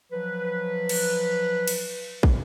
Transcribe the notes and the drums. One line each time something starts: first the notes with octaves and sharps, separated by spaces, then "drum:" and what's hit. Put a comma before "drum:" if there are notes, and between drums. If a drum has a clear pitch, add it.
F3 F#3 B4
drum: cymbal
drum: cymbal
drum: kick